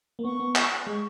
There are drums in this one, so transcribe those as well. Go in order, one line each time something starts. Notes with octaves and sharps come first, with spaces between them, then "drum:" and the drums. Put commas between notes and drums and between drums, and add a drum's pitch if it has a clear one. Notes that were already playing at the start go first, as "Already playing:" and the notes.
A#3
B3 C#6
B3
drum: clap
G#3 C#6